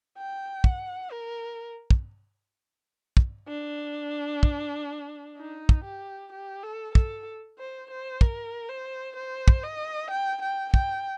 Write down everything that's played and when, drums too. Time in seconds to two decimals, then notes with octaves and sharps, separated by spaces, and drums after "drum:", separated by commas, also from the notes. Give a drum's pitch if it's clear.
0.17 G5
0.64 F#5, drum: kick
1.12 A#4
1.90 drum: kick
3.17 drum: kick
3.48 D4
4.43 drum: kick
5.38 D#4
5.69 drum: kick
5.84 G4
6.33 G4
6.63 A4
6.95 A4, drum: kick
7.58 C5
7.90 C5
8.21 A#4, drum: kick
8.69 C5
9.16 C5
9.48 drum: kick
9.63 D#5
10.10 G5
10.42 G5
10.74 G5, drum: kick